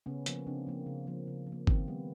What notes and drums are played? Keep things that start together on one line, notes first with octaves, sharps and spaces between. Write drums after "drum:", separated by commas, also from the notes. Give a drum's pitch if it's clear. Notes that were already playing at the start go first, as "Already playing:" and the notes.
C#3 B3 C#4
F3 A#3, drum: hi-hat
C#3 C4 D4
F3 A#3
C#3
F3 A#3
C#3
F3
A#3
D#3 C4, drum: kick G1
G3 B3